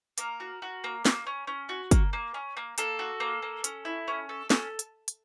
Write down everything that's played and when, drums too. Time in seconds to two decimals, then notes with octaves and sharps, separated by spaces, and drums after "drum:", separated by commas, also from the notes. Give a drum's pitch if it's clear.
0.18 A#3 A#4, drum: hi-hat
0.40 F#4
0.62 F#4
0.84 A#3
1.05 A#3, drum: snare
1.27 C#4
1.47 C#4
1.69 F#4
1.91 A#3, drum: kick, hi-hat
2.13 A#3
2.34 C#4
2.57 A#3
2.78 A#3 A4, drum: hi-hat
2.99 F#4
3.20 A#3
3.42 A#3
3.64 C#4, drum: hi-hat
3.85 E4
4.08 C#4
4.29 A4
4.50 C#4 A4, drum: snare
4.79 drum: hi-hat
5.08 drum: hi-hat